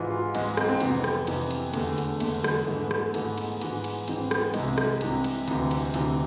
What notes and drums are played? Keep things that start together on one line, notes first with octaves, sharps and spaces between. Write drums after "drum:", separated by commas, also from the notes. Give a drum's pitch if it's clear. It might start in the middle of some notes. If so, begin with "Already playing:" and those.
Already playing: G#2 E3 F4
F4
G#2 E3 G#3, drum: cymbal
C4, drum: rim click
C4
F2 C3 E3 B3, drum: cymbal
drum: rim click
F2 C3 E3, drum: cymbal
drum: cymbal
B3
E2 D3 A3, drum: cymbal
A3, drum: cymbal
E2 D3 A3, drum: cymbal
G#3, drum: rim click
G#2 E3 A3
B3
drum: rim click
A3
G#2 E3 B3, drum: cymbal
drum: cymbal
G#2 E3, drum: cymbal
drum: cymbal
G#2 E3 C4, drum: cymbal
B3, drum: rim click
C2 C3 E3 G#3, drum: cymbal
drum: rim click
C2 C3 E3, drum: cymbal
drum: cymbal
D2 C3 E3, drum: cymbal
drum: cymbal
D2 C3 E3, drum: cymbal